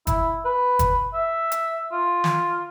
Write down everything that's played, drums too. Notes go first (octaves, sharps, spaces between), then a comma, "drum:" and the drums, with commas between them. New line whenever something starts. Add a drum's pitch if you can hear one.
E4, drum: kick, hi-hat
B4
drum: kick, hi-hat
E5
drum: hi-hat
F4
drum: snare